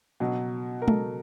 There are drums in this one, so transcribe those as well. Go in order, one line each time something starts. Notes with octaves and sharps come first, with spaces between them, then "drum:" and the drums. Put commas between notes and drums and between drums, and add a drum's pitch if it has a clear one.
B2 F#3
A#4
B2 F#3 A4, drum: tom G#3